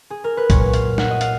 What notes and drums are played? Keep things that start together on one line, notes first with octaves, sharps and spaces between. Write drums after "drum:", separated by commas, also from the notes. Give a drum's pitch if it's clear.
G#4
A#4
B4
A#2 F#3 C#5, drum: kick B1, hi-hat
F5, drum: hi-hat
F#5, drum: snare
D#5
F5, drum: hi-hat